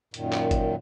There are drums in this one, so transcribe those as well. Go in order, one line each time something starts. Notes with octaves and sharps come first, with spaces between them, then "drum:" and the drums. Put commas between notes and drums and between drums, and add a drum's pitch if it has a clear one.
F#2 A#2 D#3, drum: hi-hat
drum: clap
drum: kick, hi-hat